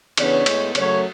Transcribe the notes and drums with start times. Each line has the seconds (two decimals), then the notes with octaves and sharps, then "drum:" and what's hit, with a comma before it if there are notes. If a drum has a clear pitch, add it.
0.17 C#3 E3 B3 D4 C#5, drum: cymbal
0.46 A2 G#3 B3, drum: cymbal
0.75 F#2 C#3 F#3 A3 C#5, drum: cymbal